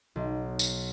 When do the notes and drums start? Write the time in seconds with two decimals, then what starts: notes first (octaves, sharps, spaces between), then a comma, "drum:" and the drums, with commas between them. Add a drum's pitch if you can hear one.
0.16 B1
0.59 drum: tambourine